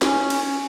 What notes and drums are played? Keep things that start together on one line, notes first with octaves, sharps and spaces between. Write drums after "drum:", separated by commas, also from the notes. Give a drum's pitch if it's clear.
C#4, drum: snare
drum: cymbal